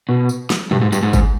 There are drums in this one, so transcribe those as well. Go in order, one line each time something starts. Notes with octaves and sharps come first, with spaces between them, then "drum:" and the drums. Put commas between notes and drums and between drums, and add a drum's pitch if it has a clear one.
B2
drum: tambourine
drum: snare
G2, drum: tom
G#2
G2, drum: tambourine
G#2
drum: kick G1, tambourine